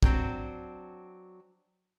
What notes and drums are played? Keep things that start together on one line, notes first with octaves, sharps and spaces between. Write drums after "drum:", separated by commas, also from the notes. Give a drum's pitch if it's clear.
F#3 C4 D4, drum: kick